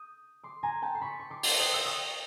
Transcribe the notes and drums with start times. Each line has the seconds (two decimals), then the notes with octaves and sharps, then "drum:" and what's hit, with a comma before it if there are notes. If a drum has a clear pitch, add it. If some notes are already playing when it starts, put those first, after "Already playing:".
Already playing: D#6 G6
0.44 C6 D6
0.63 G#5 A#5
0.82 G5 A5
0.95 C6
1.01 B5 C#6
1.19 C#6
1.30 C6 D6
1.43 drum: open hi-hat
1.60 D#6
1.73 E6
1.85 C#6 D#6